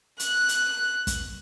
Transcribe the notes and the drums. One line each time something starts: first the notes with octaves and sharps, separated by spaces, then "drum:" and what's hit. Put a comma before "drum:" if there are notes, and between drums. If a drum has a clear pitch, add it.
F#6, drum: hi-hat
drum: hi-hat
drum: kick, hi-hat